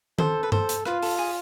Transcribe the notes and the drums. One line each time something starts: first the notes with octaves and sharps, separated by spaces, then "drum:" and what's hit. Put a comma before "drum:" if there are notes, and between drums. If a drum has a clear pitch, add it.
A4 C5, drum: tom D#3
B4
A4 C5, drum: tom G2
drum: hi-hat
F4 B4, drum: rim click
A4, drum: open hi-hat
G#4